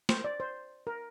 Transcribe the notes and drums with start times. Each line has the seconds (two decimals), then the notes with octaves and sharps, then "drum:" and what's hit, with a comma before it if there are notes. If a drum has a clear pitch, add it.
0.09 C5, drum: snare
0.24 D5
0.40 C5
0.87 A#4